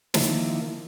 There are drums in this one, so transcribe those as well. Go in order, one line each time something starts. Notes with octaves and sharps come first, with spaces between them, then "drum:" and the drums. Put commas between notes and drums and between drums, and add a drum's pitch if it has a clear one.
D#3 F3 A#3 E4, drum: snare